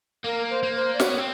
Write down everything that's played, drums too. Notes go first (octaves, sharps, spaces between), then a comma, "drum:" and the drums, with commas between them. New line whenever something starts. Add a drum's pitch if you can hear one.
A#3 A#4
C5
A#3
C5
D5
B3 C#5, drum: snare
C4